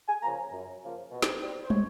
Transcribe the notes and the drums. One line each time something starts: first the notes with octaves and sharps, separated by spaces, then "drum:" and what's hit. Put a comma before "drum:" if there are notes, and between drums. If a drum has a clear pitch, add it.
G#5
C#3 F3 A#3 A#5
F#2
C#3 F3 A#3
B2
drum: snare
G3 C4
C5
B2 C#5, drum: tom